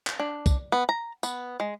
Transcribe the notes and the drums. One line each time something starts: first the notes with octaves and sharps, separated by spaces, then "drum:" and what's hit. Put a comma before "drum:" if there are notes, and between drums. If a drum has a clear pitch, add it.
drum: clap
D4
drum: kick C2, tambourine
B3
A#5
B3, drum: tambourine
G#3